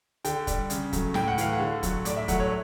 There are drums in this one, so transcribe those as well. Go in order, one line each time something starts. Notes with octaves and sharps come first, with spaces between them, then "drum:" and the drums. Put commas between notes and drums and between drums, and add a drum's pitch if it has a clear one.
D3 G5, drum: hi-hat
G3, drum: kick, hi-hat
C#3, drum: hi-hat
F#3 A3, drum: kick, hi-hat
A2 G5, drum: snare
F#5
E3 A3 F5, drum: hi-hat
F#5
D3
F#3 A3, drum: kick, hi-hat
A2 D5, drum: hi-hat
E5
F#3 A3 F#5, drum: kick, hi-hat
C#5